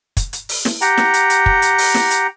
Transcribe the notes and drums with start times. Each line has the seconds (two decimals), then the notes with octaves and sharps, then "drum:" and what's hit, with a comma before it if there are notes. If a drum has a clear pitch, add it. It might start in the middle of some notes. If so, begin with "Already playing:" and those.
0.17 drum: kick, hi-hat
0.33 drum: hi-hat
0.49 drum: open hi-hat
0.65 drum: snare
0.81 G4 F#5 G5 A#5, drum: hi-hat
0.97 drum: snare
1.14 drum: hi-hat
1.30 drum: hi-hat
1.46 drum: kick
1.62 drum: hi-hat
1.78 drum: open hi-hat
1.94 drum: snare
2.11 drum: hi-hat